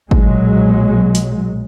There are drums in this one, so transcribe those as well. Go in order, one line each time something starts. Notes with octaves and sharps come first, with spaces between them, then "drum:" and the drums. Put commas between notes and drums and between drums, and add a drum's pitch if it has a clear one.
B1 A#2 F#3 G#3, drum: kick G#1
drum: hi-hat